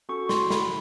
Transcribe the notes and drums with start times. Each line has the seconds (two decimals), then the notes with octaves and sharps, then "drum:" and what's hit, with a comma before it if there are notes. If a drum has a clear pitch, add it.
0.09 C#4 F#4 A4 C#6
0.29 C6, drum: snare
0.50 B5, drum: snare